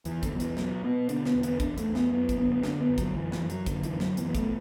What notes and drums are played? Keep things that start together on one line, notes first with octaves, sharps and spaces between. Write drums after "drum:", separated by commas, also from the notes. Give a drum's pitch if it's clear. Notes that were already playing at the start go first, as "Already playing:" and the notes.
E2 E3, drum: hi-hat
D3, drum: kick, hi-hat
B2 F#3
E3, drum: hi-hat
B2 F#3, drum: snare
B2 B3
D3 D4, drum: hi-hat
B3, drum: snare
E2
B3, drum: hi-hat
E2 D4, drum: kick, hi-hat
A3, drum: hi-hat
E2
B3, drum: snare
F#2 B3
drum: kick, hi-hat
D3 B3
B3
D3 D4, drum: snare
B3
F#2
F#3, drum: kick, hi-hat
F#2 E3
E3, drum: snare
F#2
F#3, drum: hi-hat
D3, drum: kick, hi-hat
E3, drum: hi-hat
F#2
F#3, drum: snare
B2 E3, drum: hi-hat
B3
A3, drum: kick, hi-hat